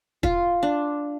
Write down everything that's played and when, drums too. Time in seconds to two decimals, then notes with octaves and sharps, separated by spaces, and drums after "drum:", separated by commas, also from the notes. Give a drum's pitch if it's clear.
0.23 F4, drum: kick
0.63 D4